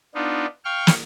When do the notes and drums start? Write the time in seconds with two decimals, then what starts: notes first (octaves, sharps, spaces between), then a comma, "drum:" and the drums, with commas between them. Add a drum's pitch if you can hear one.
0.15 B3 D4 D#4 F4
0.65 F5 G5 C#6 F6
0.87 drum: snare